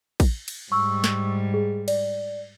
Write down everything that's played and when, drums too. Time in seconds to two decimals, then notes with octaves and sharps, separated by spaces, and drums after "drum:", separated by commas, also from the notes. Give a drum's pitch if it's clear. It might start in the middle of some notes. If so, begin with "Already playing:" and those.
0.20 drum: kick, cymbal
0.48 drum: cymbal
0.72 G#2 G3 C#6 E6
1.04 drum: snare
1.54 G#4
1.88 D5, drum: cymbal